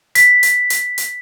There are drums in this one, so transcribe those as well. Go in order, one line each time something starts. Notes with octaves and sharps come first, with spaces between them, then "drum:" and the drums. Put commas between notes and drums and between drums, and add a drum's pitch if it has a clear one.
B6, drum: hi-hat
drum: hi-hat
drum: hi-hat
drum: hi-hat